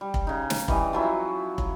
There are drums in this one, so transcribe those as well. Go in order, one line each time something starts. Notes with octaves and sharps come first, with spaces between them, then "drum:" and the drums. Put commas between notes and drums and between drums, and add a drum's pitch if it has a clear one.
G3
drum: kick
C#3 D#4
drum: snare
E3 G3 D#5 G#5, drum: kick
F3 F#3 E4
F#3, drum: kick